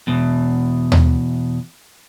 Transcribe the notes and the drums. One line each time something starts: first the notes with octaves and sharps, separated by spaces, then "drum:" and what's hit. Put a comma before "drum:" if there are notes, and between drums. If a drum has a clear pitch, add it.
E2 B2
drum: tom D#2